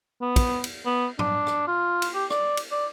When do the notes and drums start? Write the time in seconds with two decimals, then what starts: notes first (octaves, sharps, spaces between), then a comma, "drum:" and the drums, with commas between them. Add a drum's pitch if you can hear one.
0.21 B3
0.36 drum: kick, cymbal
0.64 drum: cymbal
0.86 B3
1.19 D4, drum: tom
1.47 drum: rim click
1.68 F4
2.02 drum: cymbal
2.14 G4
2.30 D5, drum: rim click
2.57 drum: cymbal
2.71 D5